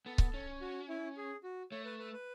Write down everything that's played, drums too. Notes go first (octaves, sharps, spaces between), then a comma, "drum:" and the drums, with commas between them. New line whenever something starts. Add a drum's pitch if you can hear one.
B3 A4
drum: kick C#1
C#4
F#4
E4
G#4
F#4
A3 C#5
B4
B4
B4